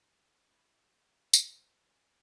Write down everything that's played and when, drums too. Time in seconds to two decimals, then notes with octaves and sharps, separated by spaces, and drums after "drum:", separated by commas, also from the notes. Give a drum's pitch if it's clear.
0.25 A4
0.37 D5
0.51 E4
0.81 C6
1.00 F5
1.33 F#4, drum: tambourine
1.52 C5
1.90 G#5